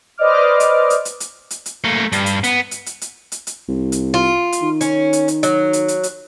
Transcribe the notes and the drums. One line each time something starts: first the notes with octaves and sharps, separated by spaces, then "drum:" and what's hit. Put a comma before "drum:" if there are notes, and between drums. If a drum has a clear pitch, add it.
B4 C5 D5 D#5 D6 F6
drum: hi-hat
drum: hi-hat
drum: hi-hat
drum: hi-hat
drum: hi-hat
drum: hi-hat
A3 A#3
G2, drum: hi-hat
drum: hi-hat
B3, drum: hi-hat
drum: hi-hat
drum: hi-hat
drum: hi-hat
drum: hi-hat
drum: hi-hat
C2
drum: hi-hat
F4
drum: hi-hat
D#3
C#4, drum: hi-hat
drum: hi-hat
drum: hi-hat
F#3, drum: hi-hat
drum: hi-hat
drum: hi-hat
drum: hi-hat